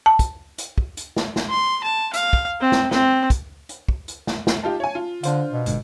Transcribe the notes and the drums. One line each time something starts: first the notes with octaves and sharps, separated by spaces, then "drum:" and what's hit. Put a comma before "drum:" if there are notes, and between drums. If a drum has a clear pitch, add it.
A5
drum: kick, hi-hat
drum: hi-hat
drum: kick
drum: hi-hat
drum: snare
drum: snare
C6
A5
F5, drum: hi-hat
drum: kick
C4
drum: snare
C4, drum: snare
drum: kick, hi-hat
drum: hi-hat
drum: kick
drum: hi-hat
drum: snare
drum: snare
D#4 F4 G4 A5
C#5 G#5
F4
D3 D4 C5 F5, drum: hi-hat
B2
G1 G#2 D3, drum: hi-hat